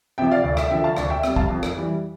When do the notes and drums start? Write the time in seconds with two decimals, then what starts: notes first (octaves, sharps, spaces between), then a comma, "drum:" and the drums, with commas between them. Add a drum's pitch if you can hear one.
0.18 C3 F3 E5 G5
0.31 D5 F5
0.44 D2 D5
0.57 E5, drum: rim click
0.70 D3 F3 E5 G5
0.84 F5 A5
0.97 D2 D5 F5, drum: rim click
1.10 E5 G5
1.24 C3 G3, drum: rim click
1.36 F5 A5, drum: kick
1.50 F2
1.63 drum: rim click
1.76 E3 G3